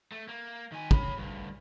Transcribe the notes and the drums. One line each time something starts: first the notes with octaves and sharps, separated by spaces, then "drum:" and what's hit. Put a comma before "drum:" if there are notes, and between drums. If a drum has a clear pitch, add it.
A3
A#3
D#3 G#5
C#5 B5, drum: kick
D2 G2